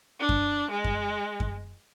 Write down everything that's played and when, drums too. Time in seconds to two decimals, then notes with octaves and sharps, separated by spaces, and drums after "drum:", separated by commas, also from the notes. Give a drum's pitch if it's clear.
0.20 D4
0.29 drum: kick F#2
0.70 G#3
0.84 drum: kick F#2
1.40 drum: kick F#2